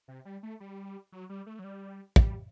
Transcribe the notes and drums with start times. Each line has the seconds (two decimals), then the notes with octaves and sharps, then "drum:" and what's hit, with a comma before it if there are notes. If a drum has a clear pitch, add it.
0.08 C3
0.25 G3
0.43 A3
0.60 G3
1.12 F#3
1.29 G3
1.46 A3
1.59 F#3
1.64 G3
2.16 G3, drum: kick